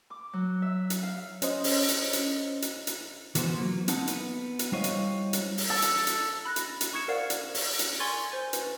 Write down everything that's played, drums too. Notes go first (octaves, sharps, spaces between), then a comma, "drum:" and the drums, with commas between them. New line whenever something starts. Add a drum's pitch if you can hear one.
D6
F#3
E5
drum: hi-hat
F5
C#4 C5 D#5, drum: hi-hat
drum: open hi-hat
drum: hi-hat
drum: hi-hat
drum: hi-hat
drum: hi-hat
E3 F3 B3 F#4 C5, drum: hi-hat
F#3 A#3
C4 D#4 F#5 A5, drum: hi-hat
B3, drum: hi-hat
drum: hi-hat
G3 E4 C5 C#5 D#5 F5
drum: hi-hat
drum: hi-hat
drum: open hi-hat
A4
drum: hi-hat
drum: hi-hat
B5 F#6 A#6
drum: hi-hat
drum: hi-hat
C#6 D#6 G#6 C#7 E7
A#4 C5 D5 F5 F#5
drum: hi-hat
drum: open hi-hat
drum: hi-hat
G#5 C6 C#6 G#6 A6
C5 G#5
B4, drum: hi-hat